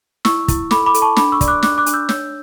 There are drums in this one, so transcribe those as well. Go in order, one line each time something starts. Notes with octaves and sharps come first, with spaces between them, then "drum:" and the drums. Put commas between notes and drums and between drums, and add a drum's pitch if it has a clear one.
E4 C#6 E6, drum: snare
E4, drum: kick, hi-hat
A4 B5 D6, drum: snare
B5 D6
A4, drum: hi-hat
A5 C#6
D4 B5 D6, drum: snare
C#6 E6
D5, drum: kick, hi-hat
D6 F#6
D4 D6 F#6, drum: snare
D6 F#6
D4, drum: hi-hat
E6 G6
C#5 E6 G6, drum: snare